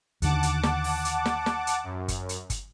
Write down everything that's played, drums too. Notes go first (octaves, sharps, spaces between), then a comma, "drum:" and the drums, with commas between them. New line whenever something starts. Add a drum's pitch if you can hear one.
D#2 D3 D#3 F#5 A5 D6, drum: hi-hat
drum: hi-hat
drum: snare
drum: open hi-hat
drum: hi-hat
drum: snare
drum: snare
drum: hi-hat
F#2
drum: kick G1, hi-hat
drum: hi-hat
drum: kick G1, hi-hat